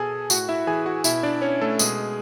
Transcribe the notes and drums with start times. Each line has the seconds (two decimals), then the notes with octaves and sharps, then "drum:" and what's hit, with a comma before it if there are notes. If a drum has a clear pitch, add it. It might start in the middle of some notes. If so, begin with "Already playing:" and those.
Already playing: B2 G#4 A4 G#5 A5
0.30 A2 F#4 F#5, drum: tambourine
0.49 E4 E5
0.67 E3 G#4 G#5
0.86 F#4 F#5
1.04 B2 E4 E5, drum: tambourine
1.23 D4 D5
1.42 C#4 C#5
1.61 A3 A4
1.79 B2 G#3 G#4, drum: tambourine